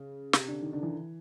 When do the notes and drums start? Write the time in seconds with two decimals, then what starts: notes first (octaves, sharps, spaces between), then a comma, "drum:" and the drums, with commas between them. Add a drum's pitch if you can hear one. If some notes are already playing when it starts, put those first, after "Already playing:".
Already playing: C#3
0.33 C3, drum: snare
0.48 D3
0.62 D#3
0.73 D3
0.83 E3